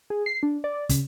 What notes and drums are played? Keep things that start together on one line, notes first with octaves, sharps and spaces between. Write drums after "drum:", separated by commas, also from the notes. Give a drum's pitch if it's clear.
G#4
C7
D4
D5
C#3, drum: kick, hi-hat